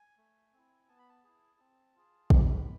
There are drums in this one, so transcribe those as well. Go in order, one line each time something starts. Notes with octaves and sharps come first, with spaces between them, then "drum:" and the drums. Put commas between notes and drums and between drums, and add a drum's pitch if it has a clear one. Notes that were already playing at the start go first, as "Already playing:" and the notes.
Already playing: G#5
A3
C4 E4
B3 A5
B5
A5
E4 G#4
C4
F4 G#4
G#3 B5, drum: kick